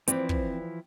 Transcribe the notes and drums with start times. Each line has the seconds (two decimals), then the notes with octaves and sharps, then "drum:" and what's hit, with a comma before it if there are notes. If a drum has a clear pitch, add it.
0.08 E3 F3 C4 E4 B4 C5 D5, drum: hi-hat
0.29 drum: kick